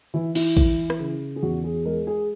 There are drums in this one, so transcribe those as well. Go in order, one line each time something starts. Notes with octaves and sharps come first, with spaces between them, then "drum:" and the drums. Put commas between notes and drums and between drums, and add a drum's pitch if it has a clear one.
E3 E4
E4, drum: cymbal
E3, drum: kick A#1
drum: rim click
C#3
G#4
E2 F#4
G#4
G#3 A#4
G#4